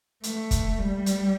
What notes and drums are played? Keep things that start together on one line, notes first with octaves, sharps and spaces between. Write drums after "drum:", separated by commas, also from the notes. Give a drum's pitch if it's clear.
A3, drum: hi-hat
drum: kick, hi-hat
G3
drum: hi-hat